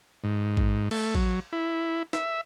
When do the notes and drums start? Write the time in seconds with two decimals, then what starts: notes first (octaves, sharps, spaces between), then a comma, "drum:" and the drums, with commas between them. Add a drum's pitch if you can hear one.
0.24 G#2
0.57 drum: kick A1
0.91 A3, drum: cymbal
1.15 F#3, drum: kick A1
1.53 E4
2.13 E5, drum: snare